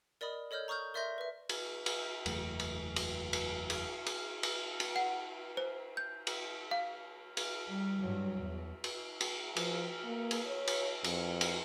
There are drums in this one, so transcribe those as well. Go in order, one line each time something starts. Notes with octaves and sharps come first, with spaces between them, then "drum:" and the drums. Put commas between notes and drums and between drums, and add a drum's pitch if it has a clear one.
A#4 D5 D#5 B5 D#6
A4 C#5 D#5 F6 G6
A#5 C#6 D#6 F6 G6
A#4 D5 E5 C6 G6 A#6
B4 E5
drum: cymbal
drum: cymbal
F#1 E2 A3, drum: cymbal
drum: cymbal
drum: cymbal
drum: cymbal
drum: cymbal
drum: cymbal
drum: cymbal
drum: cymbal
F#5
C5
G6
drum: cymbal
F5
drum: cymbal
G3
G2 F#3
E2
drum: cymbal
drum: cymbal
F3, drum: cymbal
A#3
drum: cymbal
C#5
drum: cymbal
F2, drum: cymbal
drum: cymbal